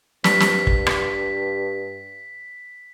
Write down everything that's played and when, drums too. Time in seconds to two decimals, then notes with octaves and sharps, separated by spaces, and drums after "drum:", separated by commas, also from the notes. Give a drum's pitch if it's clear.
0.24 G2 B6, drum: snare
0.40 drum: snare
0.67 drum: kick
0.87 drum: rim click